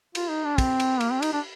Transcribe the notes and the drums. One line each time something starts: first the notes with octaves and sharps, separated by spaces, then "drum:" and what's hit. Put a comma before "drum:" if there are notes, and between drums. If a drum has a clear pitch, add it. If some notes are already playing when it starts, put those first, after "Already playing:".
F4, drum: cymbal
D#4
D4
C4, drum: kick, cymbal
drum: cymbal
A#3, drum: cymbal
C4
D#4, drum: cymbal
D4